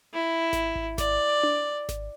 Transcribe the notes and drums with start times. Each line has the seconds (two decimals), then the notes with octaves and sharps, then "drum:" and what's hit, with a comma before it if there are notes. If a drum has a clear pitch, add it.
0.14 E4
0.53 drum: snare G#1
0.75 drum: kick G#1
0.98 D5, drum: snare G#1
1.43 drum: tom D4
1.89 drum: snare G#1